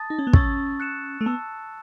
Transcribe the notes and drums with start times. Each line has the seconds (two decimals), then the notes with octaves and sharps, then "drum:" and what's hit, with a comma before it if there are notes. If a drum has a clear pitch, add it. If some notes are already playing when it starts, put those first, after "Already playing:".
Already playing: A5 D#6 A6
0.10 D#4
0.19 C#4
0.27 B3
0.33 C#4 C#6 E6 A6, drum: kick
0.80 F#6 C#7 E7
1.21 A3
1.26 B3 A5 E6